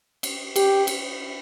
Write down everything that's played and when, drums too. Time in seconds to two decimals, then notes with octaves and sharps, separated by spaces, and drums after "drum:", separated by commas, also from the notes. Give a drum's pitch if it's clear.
0.23 drum: cymbal
0.56 G4, drum: cymbal
0.87 drum: cymbal